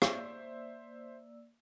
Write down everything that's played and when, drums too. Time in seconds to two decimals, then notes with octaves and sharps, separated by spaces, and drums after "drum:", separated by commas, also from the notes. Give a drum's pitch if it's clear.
0.02 A#3 C5 D5 E5 E6, drum: rim click